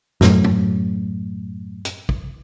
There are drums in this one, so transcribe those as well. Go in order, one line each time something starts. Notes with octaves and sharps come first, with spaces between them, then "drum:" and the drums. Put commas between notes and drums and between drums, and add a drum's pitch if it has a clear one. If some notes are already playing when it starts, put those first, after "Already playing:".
F#2 A2, drum: snare
drum: tom
drum: hi-hat
drum: kick